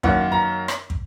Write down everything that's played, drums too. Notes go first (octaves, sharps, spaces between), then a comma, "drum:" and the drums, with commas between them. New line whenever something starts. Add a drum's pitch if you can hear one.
F#2 D#3 A#3 F#5, drum: kick
A#5
drum: rim click
drum: kick